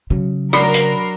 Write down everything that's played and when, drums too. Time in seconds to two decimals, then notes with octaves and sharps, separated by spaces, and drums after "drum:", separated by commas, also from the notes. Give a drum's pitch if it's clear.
0.10 C#3 F#3
0.53 F#3 D4 A#4 D5 B5 C6 C7, drum: rim click
0.74 drum: hi-hat